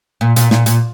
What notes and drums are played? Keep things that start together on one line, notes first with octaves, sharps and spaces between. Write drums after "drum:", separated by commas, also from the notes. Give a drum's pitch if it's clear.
A#2
A#2, drum: hi-hat
A#2, drum: snare
A#2, drum: hi-hat